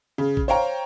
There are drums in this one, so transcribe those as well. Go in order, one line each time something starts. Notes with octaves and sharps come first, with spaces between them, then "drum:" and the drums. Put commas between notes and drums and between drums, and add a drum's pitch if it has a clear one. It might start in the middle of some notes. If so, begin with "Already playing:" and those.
C#3
drum: kick
C5 C#5 F5 G5 A#5